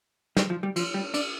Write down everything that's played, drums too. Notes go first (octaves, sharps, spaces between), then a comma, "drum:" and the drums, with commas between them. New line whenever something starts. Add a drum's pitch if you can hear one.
G3, drum: snare
F3
G3
F3, drum: cymbal
G3
D4, drum: cymbal